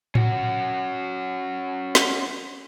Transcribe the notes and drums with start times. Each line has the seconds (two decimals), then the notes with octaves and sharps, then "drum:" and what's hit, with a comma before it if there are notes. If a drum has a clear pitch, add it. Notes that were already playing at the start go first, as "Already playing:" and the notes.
0.15 C#4 F#4, drum: tom A2
1.95 drum: snare